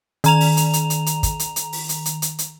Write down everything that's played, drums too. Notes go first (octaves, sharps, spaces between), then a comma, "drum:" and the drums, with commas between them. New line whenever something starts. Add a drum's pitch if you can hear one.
D#3 A#5 F7, drum: hi-hat
drum: open hi-hat
drum: hi-hat
drum: hi-hat
drum: hi-hat
drum: hi-hat
drum: kick, hi-hat
drum: hi-hat
drum: hi-hat
drum: open hi-hat
drum: hi-hat
drum: hi-hat
drum: hi-hat
drum: hi-hat